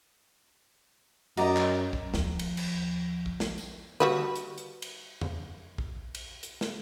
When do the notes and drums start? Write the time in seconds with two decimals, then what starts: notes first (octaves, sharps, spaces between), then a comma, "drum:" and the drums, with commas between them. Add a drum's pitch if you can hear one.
1.37 F#2 D#4 F#4 D5 D#5 A#5, drum: cymbal
1.57 drum: clap
1.93 drum: kick A#1
2.14 D#2 F3, drum: snare
2.39 drum: cymbal
2.57 drum: cymbal
3.26 drum: kick A#1
3.40 drum: snare
3.58 drum: tambourine
4.00 G3 F#4 B4, drum: tom D3
4.36 drum: hi-hat
4.58 drum: hi-hat
4.82 drum: cymbal
5.21 drum: tom E2
5.78 drum: kick A#1
6.15 drum: cymbal
6.43 drum: hi-hat
6.61 drum: snare